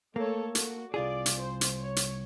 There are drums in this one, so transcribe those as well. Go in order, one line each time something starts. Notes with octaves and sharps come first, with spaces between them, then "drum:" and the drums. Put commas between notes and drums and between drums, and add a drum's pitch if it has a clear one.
A3 A#3 A4 C#5
F#4, drum: hi-hat
C2 F4 G#4 D5
drum: hi-hat
C5
drum: hi-hat
C#5
drum: hi-hat